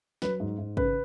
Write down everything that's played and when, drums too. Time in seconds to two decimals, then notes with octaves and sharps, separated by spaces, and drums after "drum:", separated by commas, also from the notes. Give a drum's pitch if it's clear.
0.22 F#3 B4, drum: snare
0.40 G#2
0.58 G#2
0.77 C#3 B4, drum: kick